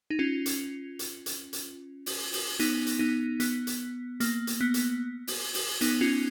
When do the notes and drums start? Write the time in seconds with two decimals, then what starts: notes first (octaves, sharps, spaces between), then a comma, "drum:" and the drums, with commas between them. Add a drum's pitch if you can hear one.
0.10 D#4
0.19 C#4 F4
0.46 drum: hi-hat
0.99 drum: hi-hat
1.26 drum: hi-hat
1.53 drum: hi-hat
2.06 drum: open hi-hat
2.33 drum: open hi-hat
2.60 B3 D#4, drum: hi-hat
2.87 drum: hi-hat
2.99 B3 D#4
3.40 B3, drum: hi-hat
3.67 drum: hi-hat
4.20 A#3, drum: hi-hat
4.47 drum: hi-hat
4.61 B3
4.74 drum: hi-hat
5.27 drum: open hi-hat
5.54 drum: open hi-hat
5.81 B3 D#4, drum: hi-hat
6.01 C#4 F4